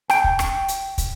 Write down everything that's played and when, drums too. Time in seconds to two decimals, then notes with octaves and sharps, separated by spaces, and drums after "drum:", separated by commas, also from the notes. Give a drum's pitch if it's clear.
0.10 G5, drum: rim click
0.24 drum: kick
0.39 drum: rim click
0.68 drum: hi-hat
0.98 drum: kick, hi-hat